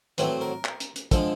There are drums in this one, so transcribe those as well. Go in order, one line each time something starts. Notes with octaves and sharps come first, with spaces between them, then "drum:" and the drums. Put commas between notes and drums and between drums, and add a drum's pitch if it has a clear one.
A2 F#3 A3 C4 B4, drum: hi-hat
A#4
drum: clap
drum: hi-hat
drum: hi-hat
D3 F3 G#3 A4, drum: kick, hi-hat